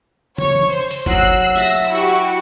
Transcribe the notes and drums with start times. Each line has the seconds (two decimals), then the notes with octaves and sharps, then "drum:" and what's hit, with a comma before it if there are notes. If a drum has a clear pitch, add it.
0.38 C#5, drum: tom
0.56 drum: tom
0.70 C5
0.91 drum: hi-hat
1.06 F#3 A#4 D#5 E6 F#6 C7, drum: kick G1
1.56 E5 A5 E6 A#6
1.89 E4 F#4 G4